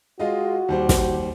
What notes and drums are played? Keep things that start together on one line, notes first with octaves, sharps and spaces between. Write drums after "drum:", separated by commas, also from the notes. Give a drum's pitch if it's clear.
G#3 F4 F#4 D#5
D#2 G3 C5
drum: snare